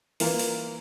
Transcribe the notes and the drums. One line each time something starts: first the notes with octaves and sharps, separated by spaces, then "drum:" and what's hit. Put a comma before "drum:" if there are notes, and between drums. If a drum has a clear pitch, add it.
E3 A#3 F4 A#4, drum: open hi-hat
drum: open hi-hat